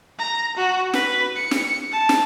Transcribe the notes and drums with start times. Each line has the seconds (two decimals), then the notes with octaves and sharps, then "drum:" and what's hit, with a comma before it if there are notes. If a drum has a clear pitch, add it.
0.19 A#5
0.56 F#4
0.93 B4, drum: snare
1.35 C#7
1.51 drum: snare
1.92 A5
2.09 drum: snare